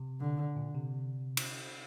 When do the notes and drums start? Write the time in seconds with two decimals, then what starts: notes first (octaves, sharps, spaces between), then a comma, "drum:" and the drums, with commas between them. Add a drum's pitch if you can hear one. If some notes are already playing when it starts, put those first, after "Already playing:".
Already playing: C3
0.21 D3
0.57 A#2
0.74 C3
1.37 drum: cymbal